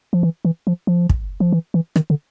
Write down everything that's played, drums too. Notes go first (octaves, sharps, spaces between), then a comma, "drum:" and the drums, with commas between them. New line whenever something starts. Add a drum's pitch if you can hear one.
F3
E3
E3
F3
F3
drum: kick
F3
E3
E3
D#3, drum: rim click
D3